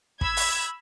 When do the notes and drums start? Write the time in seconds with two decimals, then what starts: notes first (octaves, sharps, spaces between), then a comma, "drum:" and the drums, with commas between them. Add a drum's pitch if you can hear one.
0.21 B5 E6 G#6 B6, drum: kick
0.37 drum: open hi-hat